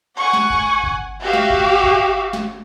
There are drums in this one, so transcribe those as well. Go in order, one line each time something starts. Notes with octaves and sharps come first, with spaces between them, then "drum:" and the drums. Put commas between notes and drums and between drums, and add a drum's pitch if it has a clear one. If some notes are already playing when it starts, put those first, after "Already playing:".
F#5 G#5 C#6
drum: snare
drum: kick G1
drum: kick G1
F#4 G4 E5 F5
drum: snare
drum: kick G1
drum: kick G1
drum: snare